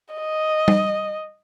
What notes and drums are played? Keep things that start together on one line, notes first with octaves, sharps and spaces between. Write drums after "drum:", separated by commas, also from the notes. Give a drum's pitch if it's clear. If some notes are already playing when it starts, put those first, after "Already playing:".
D#5
drum: tom G3